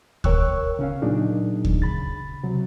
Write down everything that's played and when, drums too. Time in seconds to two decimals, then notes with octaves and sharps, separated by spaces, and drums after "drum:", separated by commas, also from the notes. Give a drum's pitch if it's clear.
0.24 A#4 C#5 G5 C#6 E6 F#6, drum: kick D2
0.79 C#3 C#4 F5
1.02 A#2 F#3 D4 D#4 G#4
1.65 drum: kick D2
1.82 C#3 B5 A6
2.43 C3 F#3